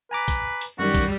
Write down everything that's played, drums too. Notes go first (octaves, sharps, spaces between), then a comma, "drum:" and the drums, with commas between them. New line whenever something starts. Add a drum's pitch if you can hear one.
B4 G#5 A#5 D6
drum: kick, hi-hat
drum: hi-hat
F#2 D#3 G3 F#4
drum: kick, hi-hat